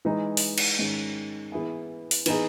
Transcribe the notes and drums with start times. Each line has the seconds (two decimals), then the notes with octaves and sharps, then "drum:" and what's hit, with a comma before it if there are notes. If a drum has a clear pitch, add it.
0.05 E3 G#3 D#4
0.37 drum: open hi-hat
0.58 drum: cymbal
0.78 G#2 D#3 G#3 C#4
1.52 E3 B3 E4 G#4
2.11 drum: open hi-hat
2.26 E3 B3 D#4 G#4, drum: cymbal